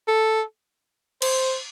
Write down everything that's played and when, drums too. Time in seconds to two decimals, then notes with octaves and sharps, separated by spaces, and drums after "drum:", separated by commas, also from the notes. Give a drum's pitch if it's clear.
0.08 A4
1.22 C5, drum: cymbal